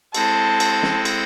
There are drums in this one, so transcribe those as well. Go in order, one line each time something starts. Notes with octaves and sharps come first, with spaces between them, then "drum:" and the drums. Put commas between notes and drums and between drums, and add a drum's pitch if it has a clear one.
G#3 C4 E4 A4 C5 A5, drum: cymbal
drum: cymbal
drum: snare
drum: cymbal